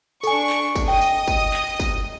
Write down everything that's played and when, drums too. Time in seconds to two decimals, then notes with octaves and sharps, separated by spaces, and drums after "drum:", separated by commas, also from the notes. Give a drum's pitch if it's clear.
0.23 D4 A4 G#5 C#6, drum: tambourine
0.49 drum: clap
0.76 drum: kick, tambourine
0.88 D#5 G5 D#6
1.02 drum: tambourine
1.28 drum: kick, tambourine
1.54 drum: clap
1.80 drum: kick, tambourine